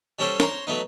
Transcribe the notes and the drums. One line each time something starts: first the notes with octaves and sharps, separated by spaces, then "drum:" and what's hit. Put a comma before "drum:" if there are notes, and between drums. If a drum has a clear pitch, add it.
G3 C#4 G4 A4 C5
C5 C#5 A#5 C6, drum: snare
F#3 A3 B3 D#4